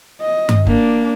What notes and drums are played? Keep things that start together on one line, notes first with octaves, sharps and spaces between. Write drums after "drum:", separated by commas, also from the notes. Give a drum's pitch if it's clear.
D#5
drum: tom G2
A#3 D4, drum: kick F1